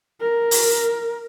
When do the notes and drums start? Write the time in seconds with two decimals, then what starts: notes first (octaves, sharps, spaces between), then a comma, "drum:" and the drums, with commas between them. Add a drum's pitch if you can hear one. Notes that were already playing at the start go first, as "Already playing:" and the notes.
0.21 A#4
0.51 drum: open hi-hat